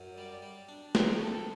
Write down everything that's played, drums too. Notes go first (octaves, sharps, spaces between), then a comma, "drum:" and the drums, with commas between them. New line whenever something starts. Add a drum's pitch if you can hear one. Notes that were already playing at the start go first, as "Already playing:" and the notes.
Already playing: F#2
G3 D5
G3
D4
C3, drum: snare
G3 A4